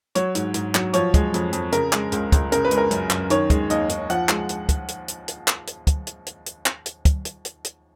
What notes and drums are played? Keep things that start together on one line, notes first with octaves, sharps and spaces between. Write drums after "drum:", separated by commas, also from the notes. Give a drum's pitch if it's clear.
F#3 C#5, drum: hi-hat
G#2, drum: hi-hat
G#2, drum: hi-hat
F#3, drum: clap
F3 C#5, drum: hi-hat
G#3, drum: kick, hi-hat
F2, drum: hi-hat
F2, drum: hi-hat
C#3 A#4, drum: hi-hat
G#3, drum: clap
C#2, drum: hi-hat
C#2, drum: kick, hi-hat
C#3 A#4, drum: hi-hat
B4
G#3, drum: hi-hat
A#4
F#2, drum: hi-hat
F#2, drum: clap
D#3 C#5, drum: hi-hat
G#3, drum: kick, hi-hat
D#2 D#5, drum: hi-hat
D#2, drum: hi-hat
F3 F#5, drum: hi-hat
G#3, drum: clap
drum: hi-hat
drum: kick, hi-hat
drum: hi-hat
drum: hi-hat
drum: hi-hat
drum: clap
drum: hi-hat
drum: kick, hi-hat
drum: hi-hat
drum: hi-hat
drum: hi-hat
drum: clap
drum: hi-hat
drum: kick, hi-hat
drum: hi-hat
drum: hi-hat
drum: hi-hat